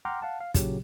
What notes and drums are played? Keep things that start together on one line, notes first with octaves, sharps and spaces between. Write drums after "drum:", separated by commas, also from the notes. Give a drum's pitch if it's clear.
F#5 G5 A#5 C6 D6 F6
F5 F#5 A5
F5
A#2 C#3 F#3 G4, drum: kick, hi-hat